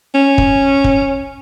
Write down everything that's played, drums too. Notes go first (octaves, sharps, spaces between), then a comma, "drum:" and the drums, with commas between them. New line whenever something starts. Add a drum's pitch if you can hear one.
C#4
drum: kick
drum: kick